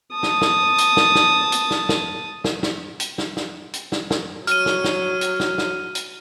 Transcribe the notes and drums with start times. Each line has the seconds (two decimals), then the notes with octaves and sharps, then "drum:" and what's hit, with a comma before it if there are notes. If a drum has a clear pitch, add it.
0.13 A5 D#6
0.23 drum: snare
0.41 drum: snare
0.78 drum: hi-hat
0.97 drum: snare
1.15 drum: snare
1.52 drum: hi-hat
1.71 drum: snare
1.89 drum: snare
2.44 drum: snare
2.63 drum: snare
3.00 drum: hi-hat
3.18 drum: snare
3.37 drum: snare
3.74 drum: hi-hat
3.92 drum: snare
4.10 drum: snare
4.47 F#3 F6 D#7, drum: hi-hat
4.66 drum: snare
4.84 drum: snare
5.21 drum: hi-hat
5.40 drum: snare
5.58 drum: snare
5.95 drum: hi-hat